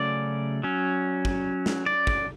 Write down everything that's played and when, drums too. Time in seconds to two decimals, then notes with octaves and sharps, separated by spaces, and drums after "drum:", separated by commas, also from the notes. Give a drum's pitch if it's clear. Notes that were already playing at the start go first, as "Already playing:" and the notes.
Already playing: C#3 F#3 A3 C#4 D5
0.63 F#3 C#4
1.25 drum: kick
1.66 drum: snare
1.86 D5
2.07 drum: kick